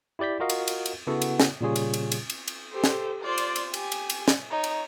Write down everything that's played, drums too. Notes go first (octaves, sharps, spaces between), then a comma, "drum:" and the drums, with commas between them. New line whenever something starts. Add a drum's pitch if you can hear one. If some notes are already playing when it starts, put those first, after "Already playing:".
E4 G4 D5 G6 B6
F4 F#4 A#4 D#5 F5
drum: cymbal
drum: cymbal
drum: cymbal
C#3 B3 E4 F#4 A4
drum: cymbal
drum: snare
A#2 C#3 G3 F4 G#4 C#5
drum: cymbal
drum: cymbal
drum: cymbal
drum: cymbal
drum: cymbal
G4 A4 C5
drum: snare
F4 C5 D5
drum: cymbal
drum: cymbal
G4 G#5, drum: cymbal
drum: cymbal
drum: cymbal
drum: snare
D#4 C#5
drum: cymbal